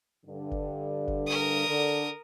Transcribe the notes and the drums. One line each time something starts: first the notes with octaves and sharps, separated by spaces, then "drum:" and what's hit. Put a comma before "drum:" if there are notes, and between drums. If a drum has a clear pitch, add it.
G2 D3
drum: kick
drum: kick
A#4 D#6
D3